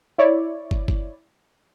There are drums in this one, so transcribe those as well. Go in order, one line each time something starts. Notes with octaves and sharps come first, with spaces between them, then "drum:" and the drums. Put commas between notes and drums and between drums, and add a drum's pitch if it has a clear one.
E4 C#5 D5
drum: kick
drum: kick